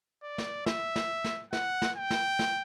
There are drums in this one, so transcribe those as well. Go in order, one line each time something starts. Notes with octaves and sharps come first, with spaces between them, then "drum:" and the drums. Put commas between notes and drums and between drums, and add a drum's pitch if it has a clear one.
D5
drum: snare
E5, drum: snare
drum: snare
drum: snare
F#5, drum: snare
drum: snare
G5
drum: snare
drum: snare